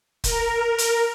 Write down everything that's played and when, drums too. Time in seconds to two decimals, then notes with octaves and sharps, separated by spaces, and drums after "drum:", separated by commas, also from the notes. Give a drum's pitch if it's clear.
0.24 A#4, drum: kick, hi-hat
0.78 drum: hi-hat